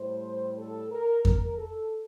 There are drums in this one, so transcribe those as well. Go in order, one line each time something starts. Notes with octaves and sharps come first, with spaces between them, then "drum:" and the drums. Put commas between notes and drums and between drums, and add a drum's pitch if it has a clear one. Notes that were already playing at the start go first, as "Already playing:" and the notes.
Already playing: A2 G3 C5
A4
A#4
A#4, drum: kick F2
A4